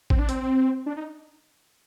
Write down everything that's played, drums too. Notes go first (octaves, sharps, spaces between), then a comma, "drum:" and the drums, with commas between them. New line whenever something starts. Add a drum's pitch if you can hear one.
C4, drum: kick A1
D4
C4, drum: hi-hat
D4
D#4